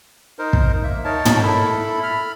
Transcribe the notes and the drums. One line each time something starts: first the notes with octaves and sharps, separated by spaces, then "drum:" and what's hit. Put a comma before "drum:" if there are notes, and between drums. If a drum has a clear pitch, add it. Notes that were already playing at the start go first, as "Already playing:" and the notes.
D#4 A#4 C5
drum: kick
A#3 E5
D#4 A#4 C#5 A5
drum: tom
E4 A4 B5
B5 F6